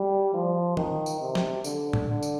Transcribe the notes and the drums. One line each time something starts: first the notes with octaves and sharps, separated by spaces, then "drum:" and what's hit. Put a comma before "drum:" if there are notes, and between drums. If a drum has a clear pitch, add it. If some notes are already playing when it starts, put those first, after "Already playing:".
Already playing: G3
F3
D#3, drum: tom
drum: tambourine
C3
drum: snare
D3, drum: tambourine
drum: tom A2
D3
drum: tambourine